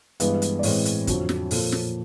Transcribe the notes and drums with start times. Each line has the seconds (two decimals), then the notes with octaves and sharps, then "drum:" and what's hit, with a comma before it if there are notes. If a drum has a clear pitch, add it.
0.20 G2 E3 G#3 B3, drum: hi-hat
0.42 drum: hi-hat
0.59 D5
0.63 A2 E3 G#3 C4 C#5, drum: open hi-hat
0.85 drum: hi-hat
1.07 F2 D3 F#3, drum: kick, hi-hat
1.29 drum: snare
1.51 A#2 F3 A#3 A4, drum: open hi-hat
1.72 drum: snare